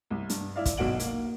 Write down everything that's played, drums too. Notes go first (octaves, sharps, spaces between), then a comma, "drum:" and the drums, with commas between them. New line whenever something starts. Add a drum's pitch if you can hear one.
C2
G2, drum: hi-hat
E4 D5 F5
drum: kick, hi-hat
B1 B2 D#4 F#4 D7 F#7
A#3, drum: hi-hat